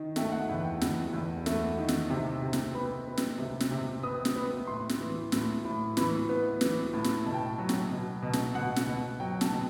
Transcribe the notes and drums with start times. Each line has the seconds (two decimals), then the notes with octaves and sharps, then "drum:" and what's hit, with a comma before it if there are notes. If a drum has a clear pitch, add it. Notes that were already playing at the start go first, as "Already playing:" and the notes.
Already playing: D#3
0.16 A3 G5, drum: snare
0.32 F#5
0.49 E2
0.64 G5
0.81 E2, drum: snare
1.13 E2
1.46 A3, drum: snare
1.78 D#3
1.89 drum: snare
2.10 C3
2.42 C3
2.53 drum: snare
2.74 B3 B5
3.07 B3
3.17 drum: snare
3.38 C3
3.60 drum: snare
3.71 C3
4.03 B3 D#6
4.25 drum: snare
4.36 B3
4.67 A2 C6
4.89 drum: snare
5.01 E3
5.32 A2, drum: snare
5.65 A2
5.97 E3 B5, drum: snare
6.29 B3
6.61 E3, drum: snare
6.93 A2
7.04 drum: snare
7.26 B2 A5
7.34 G5
7.42 A5
7.58 F#3
7.69 drum: snare
7.91 B2
8.22 B2
8.33 drum: snare
8.55 B2 F#5
8.76 drum: snare
8.87 B2
9.20 F#3 G5
9.41 A5, drum: snare
9.51 B2